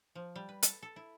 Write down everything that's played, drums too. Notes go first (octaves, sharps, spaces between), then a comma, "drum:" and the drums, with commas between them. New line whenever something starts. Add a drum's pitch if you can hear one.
F3
G3
B4
A4, drum: hi-hat
A4
E4